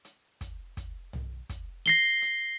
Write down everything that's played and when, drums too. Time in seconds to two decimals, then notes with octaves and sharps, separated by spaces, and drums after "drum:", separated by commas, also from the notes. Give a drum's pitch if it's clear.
0.05 drum: hi-hat
0.41 drum: kick, hi-hat
0.77 drum: kick, hi-hat
1.13 drum: tom B1
1.49 drum: kick, hi-hat
1.86 A#6 C7 G7, drum: hi-hat
2.22 drum: hi-hat